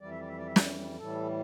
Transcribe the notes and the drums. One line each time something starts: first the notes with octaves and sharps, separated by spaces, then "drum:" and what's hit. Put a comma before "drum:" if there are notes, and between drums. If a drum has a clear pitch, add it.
F2 E3 G3 D5
E5
D5
E5
D5
E5
D5, drum: snare
A2 E3 G3 A4